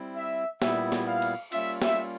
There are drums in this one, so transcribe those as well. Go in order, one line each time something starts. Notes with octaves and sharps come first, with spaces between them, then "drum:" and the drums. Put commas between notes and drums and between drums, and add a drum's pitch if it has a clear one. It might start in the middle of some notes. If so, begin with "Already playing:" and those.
Already playing: G3 C4 E4
E5
A#2 G3 B3 E4 E5, drum: snare
drum: snare
F5
drum: cymbal
G3 A#3 C#4 F4 E5, drum: cymbal
E5, drum: snare